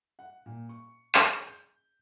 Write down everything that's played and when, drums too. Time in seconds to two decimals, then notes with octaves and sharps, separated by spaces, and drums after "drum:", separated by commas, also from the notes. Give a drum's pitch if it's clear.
0.19 F#5
0.46 A#2
0.69 C#6
1.15 G#4, drum: clap
1.47 G6